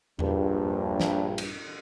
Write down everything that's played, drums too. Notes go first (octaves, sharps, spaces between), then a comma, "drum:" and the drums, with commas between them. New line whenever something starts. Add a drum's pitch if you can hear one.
A#1 G2, drum: tom E2
drum: snare
drum: cymbal